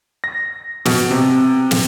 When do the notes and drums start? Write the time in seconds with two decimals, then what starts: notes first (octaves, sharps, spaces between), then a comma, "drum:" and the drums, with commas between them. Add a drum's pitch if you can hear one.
0.24 A#6
0.85 B2, drum: snare
1.11 C3
1.71 drum: snare